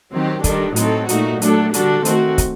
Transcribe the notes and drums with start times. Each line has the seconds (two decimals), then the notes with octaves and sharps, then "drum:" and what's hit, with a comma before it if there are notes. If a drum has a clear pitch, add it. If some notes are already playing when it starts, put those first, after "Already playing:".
0.12 D#3 F#3 C4 G4
0.44 D#3 G3 D4 A4, drum: kick, hi-hat
0.76 A2 F#3 C4 D#4 A4, drum: hi-hat
1.09 A#2 A3 D#4 F#4, drum: hi-hat
1.42 F#3 A3 D4 A4, drum: hi-hat
1.74 D3 G3 D4 F#4 A4, drum: hi-hat
2.05 D#3 A3 C4 F#4, drum: hi-hat
2.38 drum: kick, hi-hat